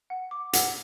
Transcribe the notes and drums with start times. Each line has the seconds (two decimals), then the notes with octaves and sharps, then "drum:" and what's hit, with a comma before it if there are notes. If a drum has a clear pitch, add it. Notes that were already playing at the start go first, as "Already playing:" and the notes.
0.10 F#5
0.31 D6
0.53 F#5, drum: hi-hat